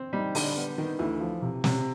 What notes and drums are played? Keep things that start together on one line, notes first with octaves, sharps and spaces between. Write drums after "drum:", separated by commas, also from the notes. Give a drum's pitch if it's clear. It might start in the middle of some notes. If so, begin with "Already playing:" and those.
Already playing: C4
G3 D#4
D3 G3, drum: open hi-hat
B3
D#3 B3
D2 E3
F3
C3
C3, drum: snare